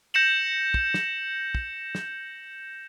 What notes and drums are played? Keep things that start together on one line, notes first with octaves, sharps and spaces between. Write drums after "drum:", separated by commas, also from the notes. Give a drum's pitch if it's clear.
G6 A#6 C#7 E7 F#7
drum: kick
drum: snare
drum: kick
drum: snare